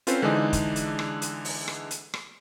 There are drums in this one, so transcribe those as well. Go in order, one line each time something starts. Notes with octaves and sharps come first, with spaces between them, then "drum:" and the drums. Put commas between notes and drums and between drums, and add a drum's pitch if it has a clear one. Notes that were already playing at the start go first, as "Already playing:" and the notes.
C4 C#4 F4 A4 B4 C5, drum: hi-hat
D3 E3 G#3 D4 D#4 G#4
drum: kick F1, hi-hat
drum: hi-hat
drum: rim click
drum: hi-hat
drum: open hi-hat
drum: rim click
drum: hi-hat
drum: rim click